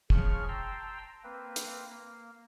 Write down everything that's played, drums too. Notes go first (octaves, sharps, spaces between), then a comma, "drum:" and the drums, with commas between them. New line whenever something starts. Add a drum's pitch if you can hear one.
C#3 F3 G#4 C#6 F6, drum: kick
G5 A5 A#5 C6 E6
A#3 C4 B4
drum: hi-hat
A#3